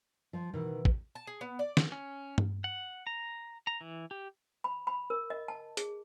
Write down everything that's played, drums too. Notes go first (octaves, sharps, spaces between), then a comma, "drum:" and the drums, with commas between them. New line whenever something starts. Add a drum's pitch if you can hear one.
F3
B2 D#3 E3 E4
drum: kick
A5
G#4
B3
D5
drum: snare
C#4
drum: tom G2
F#5
A#5
A#5
E3
G4
B5
B5
A#4
D#5
A5
G#4, drum: hi-hat